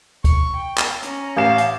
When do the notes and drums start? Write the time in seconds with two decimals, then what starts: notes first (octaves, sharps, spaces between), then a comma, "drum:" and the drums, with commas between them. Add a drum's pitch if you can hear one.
0.24 C#6, drum: kick, hi-hat
0.56 G5
0.78 drum: clap
1.02 C#4 A#5, drum: hi-hat
1.36 A1 F5 E7
1.58 drum: hi-hat